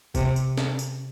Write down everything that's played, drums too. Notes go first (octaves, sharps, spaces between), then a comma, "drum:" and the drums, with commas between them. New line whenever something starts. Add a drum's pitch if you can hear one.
C3, drum: kick, tambourine
drum: tambourine
drum: snare
drum: tambourine